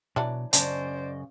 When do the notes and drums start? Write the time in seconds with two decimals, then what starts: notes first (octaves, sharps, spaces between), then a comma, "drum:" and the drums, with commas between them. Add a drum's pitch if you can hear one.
0.16 B2 E3 F#3 D4
0.53 F#2 C#3 D4 C5 D5 D#5, drum: hi-hat